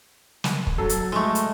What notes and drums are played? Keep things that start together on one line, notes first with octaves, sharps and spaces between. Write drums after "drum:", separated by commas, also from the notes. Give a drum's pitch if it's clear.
drum: snare
drum: kick
F#3 A4
drum: hi-hat
G#3 A3
drum: hi-hat